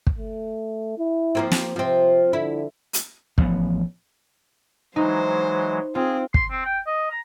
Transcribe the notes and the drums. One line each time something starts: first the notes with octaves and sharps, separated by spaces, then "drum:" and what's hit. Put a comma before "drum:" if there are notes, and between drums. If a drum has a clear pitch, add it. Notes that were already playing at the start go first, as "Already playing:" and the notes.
drum: kick
A3
E4
F3 A#3 C4
drum: snare
C3 F3 C4
D3 E4
drum: hi-hat
A1 F3 A3 B3, drum: kick
E3 F#3 G#3 D#4 C5
C4 F4 G#4
C6, drum: kick
C4
G5
D#5
A#5